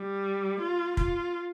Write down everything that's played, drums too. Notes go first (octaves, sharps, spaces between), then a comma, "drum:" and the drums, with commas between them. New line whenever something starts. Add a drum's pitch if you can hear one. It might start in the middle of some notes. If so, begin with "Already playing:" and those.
Already playing: G3
F4
F4, drum: kick